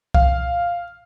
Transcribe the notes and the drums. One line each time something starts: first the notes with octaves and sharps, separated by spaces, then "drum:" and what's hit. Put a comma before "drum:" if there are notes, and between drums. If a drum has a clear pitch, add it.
F5, drum: kick C2